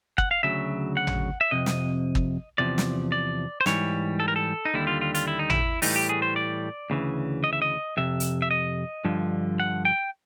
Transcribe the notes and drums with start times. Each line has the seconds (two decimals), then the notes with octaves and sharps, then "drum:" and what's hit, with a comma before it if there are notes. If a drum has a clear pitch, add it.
0.18 F#5, drum: kick
0.31 F5
0.43 D2 C#3 F#3 E5
0.97 F#5
1.07 drum: tom
1.41 E5
1.51 F2 C3 D#5
1.66 drum: snare
2.15 drum: kick
2.58 E2 C3 F3 D5
2.78 drum: snare
3.12 D5
3.61 C5
3.66 G#2 E3 G3 C#5, drum: snare
4.20 A4
4.28 A#4
4.36 A4
4.65 D#4
4.74 D#2 D3 G3 E4
4.87 F4
5.01 F4
5.15 F4, drum: hi-hat
5.28 E4
5.39 D#4
5.50 E4, drum: tom
5.82 A2 E3 G3 D#4, drum: open hi-hat
5.96 G4
6.09 G#4
6.22 C5
6.36 D5
6.90 D2 C#3 E3
7.44 D#5
7.53 E5
7.62 D#5
7.97 F2 C3 E5
8.20 drum: hi-hat
8.42 E5
8.51 D#5
9.05 G2 D3 F3
9.60 F#5
9.85 G5